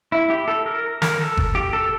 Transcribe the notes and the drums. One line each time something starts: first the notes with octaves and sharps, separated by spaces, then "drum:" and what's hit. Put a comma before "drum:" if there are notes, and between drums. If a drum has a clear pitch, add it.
E4
G4
A4
A#4
A#4, drum: snare
A4
drum: kick G1
G4
A4